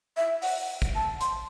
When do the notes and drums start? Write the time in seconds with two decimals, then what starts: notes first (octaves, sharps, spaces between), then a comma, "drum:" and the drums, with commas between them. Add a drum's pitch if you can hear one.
0.17 E5
0.42 F#5, drum: open hi-hat
0.82 drum: kick, hi-hat
0.95 A5
1.21 C6, drum: hi-hat